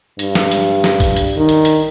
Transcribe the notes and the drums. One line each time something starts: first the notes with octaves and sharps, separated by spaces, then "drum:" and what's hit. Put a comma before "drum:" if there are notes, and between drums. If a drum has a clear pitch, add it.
G2, drum: hi-hat
drum: snare
drum: hi-hat
drum: snare
drum: kick A1, hi-hat
drum: hi-hat
D#3
drum: hi-hat
drum: hi-hat